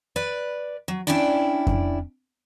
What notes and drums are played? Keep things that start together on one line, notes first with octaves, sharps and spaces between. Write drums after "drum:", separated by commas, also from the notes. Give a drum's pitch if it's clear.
B4 D5
F#3
C#4 D4 E4 D5 G5
drum: kick F2